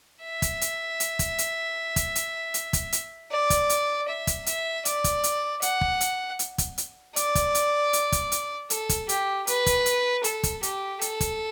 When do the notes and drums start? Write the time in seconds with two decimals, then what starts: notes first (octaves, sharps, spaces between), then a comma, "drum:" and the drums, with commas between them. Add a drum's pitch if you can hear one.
0.23 E5
0.42 drum: kick, hi-hat
0.61 drum: hi-hat
1.00 drum: hi-hat
1.19 drum: kick, hi-hat
1.38 drum: hi-hat
1.96 drum: kick, hi-hat
2.15 drum: hi-hat
2.54 drum: hi-hat
2.73 drum: kick, hi-hat
2.92 drum: hi-hat
3.31 D5
3.50 drum: kick, hi-hat
3.70 drum: hi-hat
4.08 E5
4.27 drum: kick, hi-hat
4.46 E5, drum: hi-hat
4.85 D5, drum: hi-hat
5.04 drum: kick, hi-hat
5.24 drum: hi-hat
5.62 F#5, drum: hi-hat
5.81 drum: kick
6.01 drum: hi-hat
6.39 drum: hi-hat
6.58 drum: kick, hi-hat
6.78 drum: hi-hat
7.16 D5, drum: hi-hat
7.35 drum: kick, hi-hat
7.55 drum: hi-hat
7.93 drum: hi-hat
8.12 drum: kick, hi-hat
8.32 drum: hi-hat
8.70 A4, drum: hi-hat
8.89 drum: kick, hi-hat
9.09 G4, drum: hi-hat
9.47 B4, drum: hi-hat
9.66 drum: kick, hi-hat
9.86 drum: hi-hat
10.24 A4, drum: hi-hat
10.43 drum: kick, hi-hat
10.63 G4, drum: hi-hat
11.01 A4, drum: hi-hat
11.20 drum: kick, hi-hat